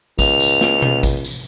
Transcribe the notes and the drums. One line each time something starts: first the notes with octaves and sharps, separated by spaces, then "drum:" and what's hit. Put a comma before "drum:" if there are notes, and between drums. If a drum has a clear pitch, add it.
C#2 F7, drum: kick A1, tambourine
drum: tambourine
drum: snare
drum: tom B2
drum: kick A1, tambourine
drum: tambourine